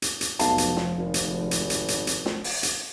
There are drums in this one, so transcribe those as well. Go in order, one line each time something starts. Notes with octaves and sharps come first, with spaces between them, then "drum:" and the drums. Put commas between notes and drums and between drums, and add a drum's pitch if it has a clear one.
drum: hi-hat
drum: hi-hat
F1 B1 F3 F5 A5, drum: hi-hat
drum: hi-hat
drum: snare
G#1
drum: hi-hat
drum: hi-hat
drum: hi-hat
drum: hi-hat
drum: hi-hat
drum: snare
drum: open hi-hat
drum: hi-hat